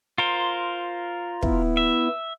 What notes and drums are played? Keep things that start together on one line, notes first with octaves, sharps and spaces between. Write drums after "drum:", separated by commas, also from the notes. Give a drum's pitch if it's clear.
F4 A#4 C5
B3 E4, drum: kick
E5